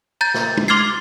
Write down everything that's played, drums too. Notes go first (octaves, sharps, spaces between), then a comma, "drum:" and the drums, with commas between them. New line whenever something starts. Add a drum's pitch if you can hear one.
A#5 G6 A6
drum: snare
drum: tom
C6 D6 F6 G#6 A6 C7